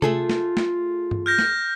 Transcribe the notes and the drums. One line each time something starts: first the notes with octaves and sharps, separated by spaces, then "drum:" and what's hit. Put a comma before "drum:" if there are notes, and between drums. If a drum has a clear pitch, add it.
A3 F4 G#4 A4, drum: tom C3
drum: snare
drum: snare
drum: tom G2
F6 G6 A#6
drum: snare